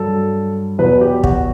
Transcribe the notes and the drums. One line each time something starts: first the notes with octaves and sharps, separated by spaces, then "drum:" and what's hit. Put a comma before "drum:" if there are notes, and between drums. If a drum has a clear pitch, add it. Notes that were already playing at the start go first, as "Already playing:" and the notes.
Already playing: G2 F#3 A4
E2 B2 F#3 B4
G4
F#4, drum: kick